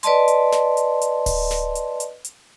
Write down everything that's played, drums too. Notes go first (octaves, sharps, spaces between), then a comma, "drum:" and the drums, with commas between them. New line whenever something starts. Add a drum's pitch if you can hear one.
B4 D5 D#5 A5 C6, drum: hi-hat
drum: hi-hat
drum: snare
drum: hi-hat
drum: hi-hat
drum: kick D1, open hi-hat
drum: snare
drum: hi-hat
drum: hi-hat
drum: hi-hat